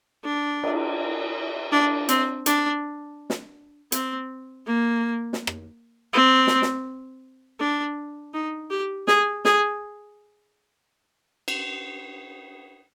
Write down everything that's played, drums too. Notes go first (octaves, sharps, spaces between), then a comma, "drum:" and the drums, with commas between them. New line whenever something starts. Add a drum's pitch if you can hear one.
D4
drum: cymbal
D4
C4, drum: hi-hat
D4, drum: hi-hat
drum: snare
C4, drum: hi-hat
A#3
drum: snare
drum: rim click
C4
drum: snare
drum: snare
D4
D#4
G4
G#4, drum: snare
G#4, drum: snare
drum: cymbal